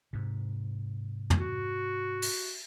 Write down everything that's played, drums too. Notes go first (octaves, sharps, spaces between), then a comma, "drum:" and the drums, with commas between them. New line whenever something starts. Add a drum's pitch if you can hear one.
G#2 C3
drum: tom
F#4
drum: open hi-hat